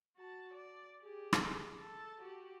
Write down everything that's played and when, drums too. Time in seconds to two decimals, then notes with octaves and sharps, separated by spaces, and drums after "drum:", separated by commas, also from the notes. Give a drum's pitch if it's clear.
0.17 F#4 A5
0.54 D5
1.01 G4 G#4
1.33 drum: rim click
1.77 A4 A5
2.20 F#4 G4